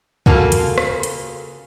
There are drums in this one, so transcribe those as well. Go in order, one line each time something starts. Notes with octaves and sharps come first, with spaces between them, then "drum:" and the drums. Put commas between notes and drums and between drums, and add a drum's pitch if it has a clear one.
C#3 A#3 F4 F#4 A4 F5, drum: kick
drum: hi-hat
drum: rim click
drum: hi-hat